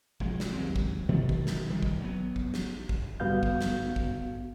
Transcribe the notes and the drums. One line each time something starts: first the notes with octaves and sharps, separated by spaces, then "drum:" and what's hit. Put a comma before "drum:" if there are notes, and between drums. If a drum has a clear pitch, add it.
A#1 G#3, drum: kick
drum: snare
D#2 F#3 G#3 C4
drum: kick
G2 B2 D#3 A3
drum: kick
drum: snare
G2 D#3 G3
drum: kick
F#3 B3
drum: kick
drum: snare
drum: kick
G2 D3 B3 F#4 F5 G6
drum: kick
drum: snare
drum: kick